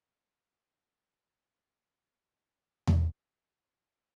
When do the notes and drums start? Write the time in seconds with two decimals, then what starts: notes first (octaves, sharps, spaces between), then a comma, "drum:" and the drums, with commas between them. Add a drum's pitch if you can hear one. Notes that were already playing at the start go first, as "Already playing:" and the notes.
0.17 F#3 B3
0.81 C3 G#3
1.59 D3 D#3 A#3 B3 E4
2.87 drum: tom E2